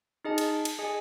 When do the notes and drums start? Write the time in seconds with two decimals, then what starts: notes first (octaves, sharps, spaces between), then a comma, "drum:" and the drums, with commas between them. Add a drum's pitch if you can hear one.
0.25 D#4 G#4 D#5 A5
0.38 drum: cymbal
0.65 drum: cymbal
0.79 G#4 D#5 G#5